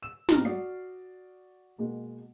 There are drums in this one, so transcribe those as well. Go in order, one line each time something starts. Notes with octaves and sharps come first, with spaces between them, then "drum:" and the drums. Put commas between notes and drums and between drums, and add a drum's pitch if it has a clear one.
E6 E7
B1 F2 G#2 G4 A#5 F6, drum: snare
F#4 D5 D#6 C7
B2 G#3 A#3